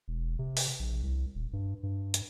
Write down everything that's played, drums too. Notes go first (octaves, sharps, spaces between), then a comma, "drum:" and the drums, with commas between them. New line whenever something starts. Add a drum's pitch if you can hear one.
E1
C3
drum: open hi-hat
A#1
C2
D#1
G2
G2
drum: hi-hat